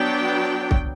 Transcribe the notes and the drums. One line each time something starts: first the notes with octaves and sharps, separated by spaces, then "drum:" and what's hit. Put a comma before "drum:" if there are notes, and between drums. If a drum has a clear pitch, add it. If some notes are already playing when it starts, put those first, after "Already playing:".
Already playing: F#3 B3 D4 G5
drum: kick C2